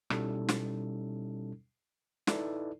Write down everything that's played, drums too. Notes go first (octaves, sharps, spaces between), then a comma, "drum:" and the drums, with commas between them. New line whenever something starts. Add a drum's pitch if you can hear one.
B2 G3 C#4 D#4 E4 A4, drum: rim click
drum: snare
D#4 E4 A4 B4 D5, drum: snare